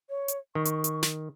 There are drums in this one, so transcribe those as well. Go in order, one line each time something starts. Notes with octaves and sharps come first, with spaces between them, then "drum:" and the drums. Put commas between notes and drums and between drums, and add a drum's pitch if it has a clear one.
C#5
drum: hi-hat
D#3 C#6
drum: hi-hat
drum: hi-hat
drum: snare